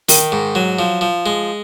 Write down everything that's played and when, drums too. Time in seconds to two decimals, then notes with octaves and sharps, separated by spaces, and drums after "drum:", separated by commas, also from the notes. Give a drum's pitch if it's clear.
0.09 D#3, drum: open hi-hat
0.32 G#2
0.55 F#3
0.79 F3
1.01 F3
1.26 G#3